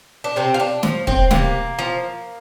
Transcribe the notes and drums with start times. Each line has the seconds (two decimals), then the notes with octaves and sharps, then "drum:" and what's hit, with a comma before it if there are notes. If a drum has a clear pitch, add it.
0.24 D4
0.36 C3 C4
0.54 F4
0.60 D4
0.83 F3, drum: snare
1.07 C4, drum: kick
1.31 C3 A#3, drum: snare
1.79 F3